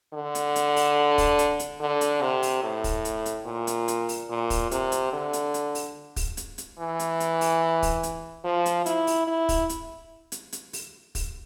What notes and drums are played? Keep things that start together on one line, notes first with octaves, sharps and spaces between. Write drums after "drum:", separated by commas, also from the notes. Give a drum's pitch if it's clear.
D3
drum: hi-hat
drum: hi-hat
drum: open hi-hat
drum: kick, open hi-hat
drum: hi-hat
drum: hi-hat
D3
drum: hi-hat
C3
drum: open hi-hat
A2
drum: kick, open hi-hat
drum: hi-hat
drum: hi-hat
A#2
drum: hi-hat
drum: hi-hat
drum: open hi-hat
A#2
drum: kick, open hi-hat
C3, drum: hi-hat
drum: hi-hat
D3
drum: hi-hat
drum: hi-hat
drum: open hi-hat
drum: kick, open hi-hat
drum: hi-hat
drum: hi-hat
E3
drum: hi-hat
drum: hi-hat
drum: open hi-hat
drum: kick, open hi-hat
drum: hi-hat
F3
drum: hi-hat
E4, drum: hi-hat
drum: open hi-hat
E4
drum: kick, open hi-hat
drum: hi-hat
drum: hi-hat
drum: hi-hat
drum: open hi-hat
drum: kick, open hi-hat